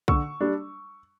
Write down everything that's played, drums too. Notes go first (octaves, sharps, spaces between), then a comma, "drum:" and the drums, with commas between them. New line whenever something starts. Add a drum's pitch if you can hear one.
D3 C#6 E6, drum: kick
G3 D4